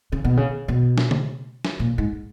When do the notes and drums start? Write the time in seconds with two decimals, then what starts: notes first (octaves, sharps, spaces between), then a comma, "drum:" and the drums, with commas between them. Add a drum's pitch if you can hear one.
0.12 C#3
0.25 B2
0.37 C#3
0.68 B2
0.98 drum: snare
1.11 drum: tom C#3
1.65 drum: snare
1.80 A#2
1.98 G#2